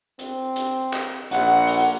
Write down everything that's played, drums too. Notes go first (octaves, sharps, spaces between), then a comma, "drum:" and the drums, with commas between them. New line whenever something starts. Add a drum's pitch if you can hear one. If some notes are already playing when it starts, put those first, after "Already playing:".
C4, drum: hi-hat
drum: hi-hat
drum: clap
A#1 F#5, drum: hi-hat
drum: open hi-hat